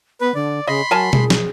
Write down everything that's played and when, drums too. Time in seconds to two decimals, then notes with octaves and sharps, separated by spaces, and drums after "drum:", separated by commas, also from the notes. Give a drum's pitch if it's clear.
0.21 B3 B4
0.35 D3 D5
0.67 C#3 D#5 B5 C6
0.91 F#3 A#4 G#5 A5
1.13 G#4, drum: tom B2
1.30 drum: snare